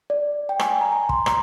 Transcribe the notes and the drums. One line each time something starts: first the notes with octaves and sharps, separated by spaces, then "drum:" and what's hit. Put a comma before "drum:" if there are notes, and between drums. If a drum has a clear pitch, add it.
D5
G5
G#5, drum: rim click
G#5
A#5
A#5
C6, drum: kick
A#5, drum: rim click